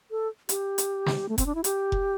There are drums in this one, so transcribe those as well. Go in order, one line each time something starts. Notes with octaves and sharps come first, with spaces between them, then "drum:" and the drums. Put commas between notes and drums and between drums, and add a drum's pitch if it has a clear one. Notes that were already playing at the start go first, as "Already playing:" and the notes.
A4
G4, drum: hi-hat
drum: hi-hat
drum: snare
A3
C4, drum: kick F1, hi-hat
D4
E4
G4, drum: hi-hat
drum: kick F1